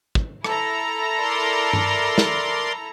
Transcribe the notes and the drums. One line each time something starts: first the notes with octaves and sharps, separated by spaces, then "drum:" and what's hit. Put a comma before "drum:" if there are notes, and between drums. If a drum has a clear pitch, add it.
drum: kick
E4 A4 A#5, drum: rim click
A#4 D5 C6
drum: tom G2
drum: snare